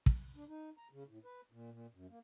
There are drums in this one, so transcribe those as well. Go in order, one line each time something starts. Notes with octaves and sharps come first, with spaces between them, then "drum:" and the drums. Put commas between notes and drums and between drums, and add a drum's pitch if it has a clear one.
drum: kick
D4
D#4
A#5
C#3
A2
B4
A#2
A#2
F#2
A#3